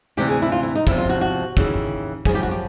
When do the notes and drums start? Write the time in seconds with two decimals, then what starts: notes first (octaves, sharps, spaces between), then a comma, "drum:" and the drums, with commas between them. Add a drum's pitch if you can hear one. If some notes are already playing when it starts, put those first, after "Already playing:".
0.17 D2 C3 E3 G4
0.29 G#4
0.42 E4
0.52 F4
0.63 E4
0.75 D#4
0.87 E2 C3 F3 E4, drum: kick
0.98 F4
1.09 F#4
1.21 F#4
1.57 D#2 C#3 E3, drum: kick
2.25 F#2 C#3 F3 G#4, drum: kick
2.35 G4
2.43 F#4
2.51 G4